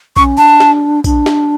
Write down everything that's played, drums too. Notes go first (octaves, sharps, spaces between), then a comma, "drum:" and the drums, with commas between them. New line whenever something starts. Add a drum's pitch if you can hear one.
C#4 C#6, drum: kick A#1
D4 A5
drum: snare
D4, drum: kick A#1, tambourine
drum: snare